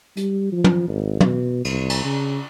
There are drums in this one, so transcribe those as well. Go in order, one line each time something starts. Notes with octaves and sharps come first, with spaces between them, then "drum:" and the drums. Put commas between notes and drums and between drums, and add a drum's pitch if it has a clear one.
G3, drum: hi-hat
F3
drum: tom
G#1
B2, drum: tom
C2, drum: cymbal
drum: cymbal
C#3